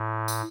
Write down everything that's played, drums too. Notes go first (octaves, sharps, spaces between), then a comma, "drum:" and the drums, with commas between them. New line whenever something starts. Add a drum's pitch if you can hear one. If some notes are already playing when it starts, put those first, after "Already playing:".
Already playing: A2
drum: tambourine